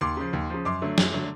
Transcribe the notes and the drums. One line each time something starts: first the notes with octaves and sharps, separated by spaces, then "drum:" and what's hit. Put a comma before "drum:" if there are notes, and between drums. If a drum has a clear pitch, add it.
D#2 C6 D6
C#3 F3
D#2
C#3 F3
F#2 C6 D6
D3 F#3 A3
F#2, drum: snare
D3 F#3 A3